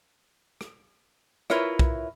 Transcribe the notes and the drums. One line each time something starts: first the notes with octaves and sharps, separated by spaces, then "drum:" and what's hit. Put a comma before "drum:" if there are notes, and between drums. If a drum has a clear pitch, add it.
drum: rim click
E4 F4 A#4 B4 C#5 E5, drum: rim click
drum: kick B1